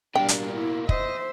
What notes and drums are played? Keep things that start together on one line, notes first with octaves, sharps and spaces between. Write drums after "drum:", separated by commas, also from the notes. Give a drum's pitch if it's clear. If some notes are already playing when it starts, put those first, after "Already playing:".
B2 G3 A#3 D4 G5
drum: hi-hat
E4
C5 D#5 E5, drum: kick